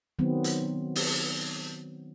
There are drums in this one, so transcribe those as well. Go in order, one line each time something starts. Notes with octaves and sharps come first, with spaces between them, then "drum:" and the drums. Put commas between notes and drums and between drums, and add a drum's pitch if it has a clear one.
D#3 F#3 B3 C4
drum: hi-hat
drum: open hi-hat